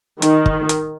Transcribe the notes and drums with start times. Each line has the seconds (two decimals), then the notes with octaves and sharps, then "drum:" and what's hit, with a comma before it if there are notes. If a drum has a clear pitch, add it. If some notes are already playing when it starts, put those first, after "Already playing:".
0.22 D#3, drum: hi-hat
0.46 drum: kick
0.69 drum: hi-hat